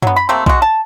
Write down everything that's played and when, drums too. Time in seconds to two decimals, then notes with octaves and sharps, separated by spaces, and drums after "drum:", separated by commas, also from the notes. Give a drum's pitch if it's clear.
0.02 F#3 B3, drum: tom F#2
0.16 B5
0.29 C3 A3 A#3 C4
0.46 G#3 F#4, drum: kick B1
0.62 A5